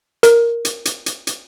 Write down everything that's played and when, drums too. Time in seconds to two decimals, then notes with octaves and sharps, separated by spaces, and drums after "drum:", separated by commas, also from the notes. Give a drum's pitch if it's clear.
0.23 A#4, drum: hi-hat
0.65 drum: hi-hat
0.85 drum: hi-hat
1.06 drum: hi-hat
1.27 drum: hi-hat